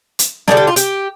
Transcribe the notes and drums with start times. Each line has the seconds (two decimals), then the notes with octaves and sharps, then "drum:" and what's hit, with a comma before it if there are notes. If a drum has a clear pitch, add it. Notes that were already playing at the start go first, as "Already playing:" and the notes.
0.19 drum: hi-hat
0.48 D3 G3 A#3 D4 G#4, drum: snare
0.57 G4
0.67 F4
0.76 G4, drum: hi-hat